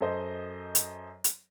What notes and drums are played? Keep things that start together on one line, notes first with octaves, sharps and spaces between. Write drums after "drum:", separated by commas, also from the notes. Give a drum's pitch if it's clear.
F#2 A4 C5 D#5
drum: hi-hat
drum: hi-hat